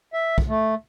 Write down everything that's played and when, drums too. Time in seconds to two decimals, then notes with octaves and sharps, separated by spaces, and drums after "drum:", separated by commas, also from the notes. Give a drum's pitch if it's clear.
0.13 E5
0.38 drum: kick
0.48 A3